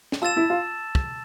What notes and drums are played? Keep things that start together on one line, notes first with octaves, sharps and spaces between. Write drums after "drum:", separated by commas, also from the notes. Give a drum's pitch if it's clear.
drum: snare
F4 A5 E6 A6 E7
E4
F4
drum: kick